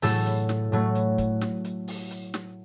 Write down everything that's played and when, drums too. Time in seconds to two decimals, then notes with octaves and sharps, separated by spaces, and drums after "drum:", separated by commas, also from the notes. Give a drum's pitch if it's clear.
0.02 A2 F#3 A3 A4, drum: open hi-hat
0.26 drum: hi-hat
0.49 drum: snare
0.72 A2 F#3 A3
0.95 drum: hi-hat
1.18 drum: kick, hi-hat
1.41 drum: snare
1.64 drum: hi-hat
1.88 drum: open hi-hat
2.11 drum: hi-hat
2.34 drum: snare